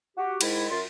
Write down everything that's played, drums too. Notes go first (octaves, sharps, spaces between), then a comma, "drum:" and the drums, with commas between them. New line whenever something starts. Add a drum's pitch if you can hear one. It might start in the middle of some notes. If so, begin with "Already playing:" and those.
F#4 G4
G#2 D#3 G#3 E4, drum: cymbal
F#2 F4